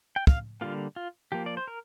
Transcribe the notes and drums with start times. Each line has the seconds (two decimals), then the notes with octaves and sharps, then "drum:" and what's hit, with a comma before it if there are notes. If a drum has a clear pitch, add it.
0.16 G5
0.27 F5, drum: kick
0.61 D3 G3 A#3 F4
0.96 F4
1.32 F3 A#3 G4
1.46 D5
1.57 C5
1.67 A#4